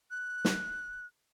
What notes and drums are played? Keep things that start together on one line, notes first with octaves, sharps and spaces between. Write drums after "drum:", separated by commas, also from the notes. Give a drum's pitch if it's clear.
F#6
drum: snare